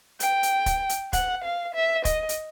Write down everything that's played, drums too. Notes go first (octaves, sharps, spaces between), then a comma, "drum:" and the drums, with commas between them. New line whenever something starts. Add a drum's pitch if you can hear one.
G5, drum: hi-hat
drum: hi-hat
drum: kick, hi-hat
drum: hi-hat
F#5, drum: kick, hi-hat
F5
E5
D#5, drum: kick, hi-hat
drum: hi-hat